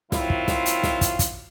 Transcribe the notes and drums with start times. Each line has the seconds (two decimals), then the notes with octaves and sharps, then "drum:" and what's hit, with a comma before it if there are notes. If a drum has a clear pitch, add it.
0.12 D#3 F#3 C4 E4 F4, drum: snare
0.30 drum: kick
0.48 drum: snare
0.66 drum: hi-hat
0.83 drum: snare
1.01 drum: kick, hi-hat
1.19 drum: kick, hi-hat